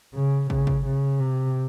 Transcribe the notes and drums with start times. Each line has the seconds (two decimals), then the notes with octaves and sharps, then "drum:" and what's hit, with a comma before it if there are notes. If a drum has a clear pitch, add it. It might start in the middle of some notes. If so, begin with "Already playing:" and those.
0.14 C#3
0.50 C#3, drum: kick
0.67 drum: kick
0.85 C#3
1.19 C3